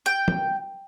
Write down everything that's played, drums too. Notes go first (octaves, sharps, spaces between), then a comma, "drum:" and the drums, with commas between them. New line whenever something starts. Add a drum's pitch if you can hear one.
G5
drum: tom